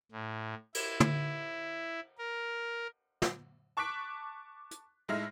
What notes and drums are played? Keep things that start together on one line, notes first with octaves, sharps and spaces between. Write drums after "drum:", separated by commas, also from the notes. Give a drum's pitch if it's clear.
A2
E4, drum: cymbal
drum: tom
A#4
drum: snare
A5 C#6 D6 F#6 B6 D7
drum: hi-hat
A2 G#3 D#4 E5 F6 A#6